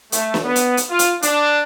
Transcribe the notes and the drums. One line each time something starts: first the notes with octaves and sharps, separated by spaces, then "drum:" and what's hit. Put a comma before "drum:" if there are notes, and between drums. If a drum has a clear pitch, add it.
A3, drum: hi-hat
drum: snare
B3
drum: hi-hat
drum: hi-hat
F4
drum: hi-hat
D4, drum: hi-hat